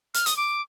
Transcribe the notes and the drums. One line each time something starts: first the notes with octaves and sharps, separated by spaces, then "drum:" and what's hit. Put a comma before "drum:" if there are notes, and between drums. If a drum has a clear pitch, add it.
F6, drum: hi-hat
D#6, drum: hi-hat
D6